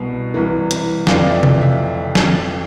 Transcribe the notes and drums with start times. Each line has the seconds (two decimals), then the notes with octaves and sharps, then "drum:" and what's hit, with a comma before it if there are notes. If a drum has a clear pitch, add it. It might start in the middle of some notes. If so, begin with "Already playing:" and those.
Already playing: C2 B2
0.34 C2 C3 E3
0.71 drum: hi-hat
1.07 F1 F2 E3 D5 F5, drum: snare
1.19 D5 F5
1.31 E5
1.43 drum: tom C3
1.61 E5
2.15 drum: snare